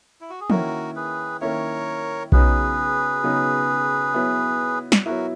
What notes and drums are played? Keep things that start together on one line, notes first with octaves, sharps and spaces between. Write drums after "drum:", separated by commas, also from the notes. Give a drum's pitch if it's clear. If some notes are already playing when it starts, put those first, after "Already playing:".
E4
F#4
G#4
D#3 A#3 C#4 E4 F#4 A#4, drum: tom
G#4 B4
D#3 A#3 C#4 E4 A#4 C#5
C#3 F#3 B3 D#4 G#4 B4, drum: kick B1
C#3 F#3 B3 D#4
F#3 B3 E4
drum: snare
F#3 B3 E4 F#4 A#4